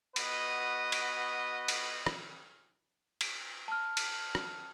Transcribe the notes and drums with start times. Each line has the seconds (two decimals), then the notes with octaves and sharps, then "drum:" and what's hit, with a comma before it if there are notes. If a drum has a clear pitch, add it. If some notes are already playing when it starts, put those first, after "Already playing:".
0.16 B3 F#4 B4 D#5, drum: cymbal
0.92 drum: cymbal
1.68 drum: cymbal
2.06 drum: rim click
3.21 drum: cymbal
3.68 A5 F6
3.97 drum: cymbal
4.35 drum: rim click